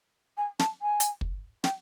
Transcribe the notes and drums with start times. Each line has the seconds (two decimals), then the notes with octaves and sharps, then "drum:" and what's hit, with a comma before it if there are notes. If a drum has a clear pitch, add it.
0.37 G#5
0.59 A5, drum: snare
0.82 G#5
1.00 drum: hi-hat
1.21 drum: kick
1.64 G5, drum: snare